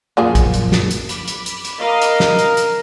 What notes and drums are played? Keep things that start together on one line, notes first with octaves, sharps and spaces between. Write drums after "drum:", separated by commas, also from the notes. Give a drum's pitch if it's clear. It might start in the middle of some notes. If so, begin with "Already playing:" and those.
F#2 A#2 F3 A#3 F4 G#4
drum: kick, hi-hat
drum: hi-hat
drum: snare
drum: hi-hat
B5 D6, drum: hi-hat
drum: hi-hat
drum: hi-hat
drum: hi-hat
A#4 D#5 F5
drum: hi-hat
drum: snare
drum: hi-hat
drum: hi-hat